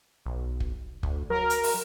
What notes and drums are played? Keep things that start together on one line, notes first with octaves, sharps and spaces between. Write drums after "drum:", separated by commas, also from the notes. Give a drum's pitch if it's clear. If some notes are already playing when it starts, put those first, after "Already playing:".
B1
drum: kick
D2, drum: kick
F#3 A#4
drum: hi-hat
drum: open hi-hat